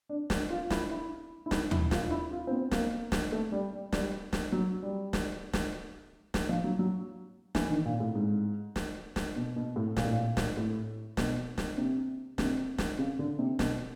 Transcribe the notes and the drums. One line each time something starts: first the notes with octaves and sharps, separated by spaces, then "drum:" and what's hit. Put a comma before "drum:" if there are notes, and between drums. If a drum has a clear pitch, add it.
D4
drum: snare
F4
E4, drum: snare
E4
E4
D#4, drum: snare
E4, drum: tom D#2
F4, drum: snare
E4
F4
C4
B3
A#3, drum: snare
drum: snare
A3
G3
G3
G3, drum: snare
drum: snare
F#3
G3
drum: snare
drum: snare
drum: snare
F3
F#3
F#3
E3, drum: snare
D#3
A#2
A2
G#2
drum: snare
drum: snare
B2
B2
A2
A#2, drum: snare
A2
A#2
drum: snare
A2
B2, drum: snare
drum: snare
C3
C3, drum: snare
drum: snare
C#3
D3
C3
B2, drum: snare